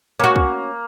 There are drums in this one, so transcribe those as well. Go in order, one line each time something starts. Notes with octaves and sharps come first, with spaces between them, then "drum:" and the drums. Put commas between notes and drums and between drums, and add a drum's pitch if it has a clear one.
A#3 C#4 F#4
drum: kick